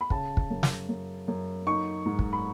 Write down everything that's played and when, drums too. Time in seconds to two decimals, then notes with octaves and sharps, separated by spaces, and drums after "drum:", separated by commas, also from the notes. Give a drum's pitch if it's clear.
0.01 B5
0.10 C#3 A5, drum: kick
0.37 drum: kick
0.50 F#2
0.63 drum: snare
0.89 F#2
1.28 F#2
1.67 D#4 C#6
2.06 G#2
2.19 drum: kick
2.33 B5